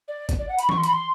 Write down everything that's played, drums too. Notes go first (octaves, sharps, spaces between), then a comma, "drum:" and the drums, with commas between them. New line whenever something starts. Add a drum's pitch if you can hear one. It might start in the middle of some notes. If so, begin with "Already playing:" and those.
D5
drum: kick, hi-hat
D5
F#5
B5, drum: hi-hat
C#6, drum: tom E3
C6
B5, drum: hi-hat
C6